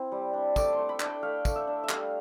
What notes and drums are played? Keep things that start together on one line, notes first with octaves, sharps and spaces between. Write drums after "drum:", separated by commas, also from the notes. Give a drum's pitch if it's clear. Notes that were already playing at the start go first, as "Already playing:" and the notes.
Already playing: C4 E4
G3
D4
A3 D6, drum: kick, tambourine
C6
A3
B5
D4, drum: clap
G5
A3 F5
A3, drum: kick, tambourine
E5
D4
E5
G3 F5, drum: clap